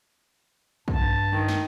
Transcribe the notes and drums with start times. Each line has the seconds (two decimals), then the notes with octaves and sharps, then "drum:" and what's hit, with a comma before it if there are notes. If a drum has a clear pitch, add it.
0.88 G2 A5, drum: kick
1.33 D#3
1.49 drum: snare